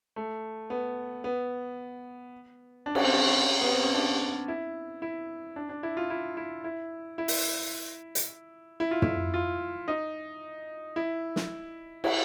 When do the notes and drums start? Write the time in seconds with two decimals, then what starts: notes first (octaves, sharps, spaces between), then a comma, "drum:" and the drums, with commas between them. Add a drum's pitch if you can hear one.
0.16 A3
0.70 B3
1.24 B3
2.86 D4
2.95 C#4, drum: cymbal
3.04 C4
3.13 C#4
3.61 B3
3.73 C4
3.83 C#4
3.94 D4
4.48 E4
5.02 E4
5.56 D4
5.69 D4
5.83 E4
5.97 F4
6.10 E4
6.37 E4
6.64 E4
7.18 E4
7.28 drum: open hi-hat
8.15 drum: hi-hat
8.80 E4
8.91 F4
9.02 E4, drum: tom
9.34 F4
9.88 D#4
10.96 E4
11.36 drum: snare
12.04 E4, drum: cymbal